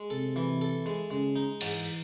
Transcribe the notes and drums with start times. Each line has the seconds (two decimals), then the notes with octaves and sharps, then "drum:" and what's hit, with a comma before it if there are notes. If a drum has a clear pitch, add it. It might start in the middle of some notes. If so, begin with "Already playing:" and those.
Already playing: G#3
0.10 C3 A4
0.36 E3
0.61 A4
0.86 G#3
1.11 C#3 G#3
1.36 D#4
1.61 G#2 E3, drum: cymbal